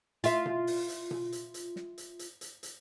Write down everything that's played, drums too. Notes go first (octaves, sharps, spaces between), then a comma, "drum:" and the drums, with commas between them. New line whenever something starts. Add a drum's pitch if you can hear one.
F4 E5, drum: hi-hat
drum: tom B2
drum: open hi-hat
drum: hi-hat
drum: tom B2
drum: hi-hat
drum: hi-hat
drum: snare
drum: hi-hat
drum: hi-hat
drum: hi-hat
drum: hi-hat